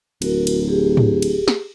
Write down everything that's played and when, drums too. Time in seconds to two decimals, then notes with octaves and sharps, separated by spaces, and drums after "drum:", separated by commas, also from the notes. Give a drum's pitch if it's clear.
0.22 D1 F#4 A#4, drum: cymbal
0.47 drum: cymbal
0.69 G4 G#4
0.97 drum: tom G#2
1.22 drum: cymbal
1.48 drum: snare